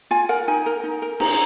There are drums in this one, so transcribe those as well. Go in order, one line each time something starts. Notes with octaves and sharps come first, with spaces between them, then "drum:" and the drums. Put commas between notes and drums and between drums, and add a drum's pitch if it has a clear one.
F4 G#5
A#4 F#5
D#4 G#5
A#4
D#4
A#4
D#4 A#5, drum: cymbal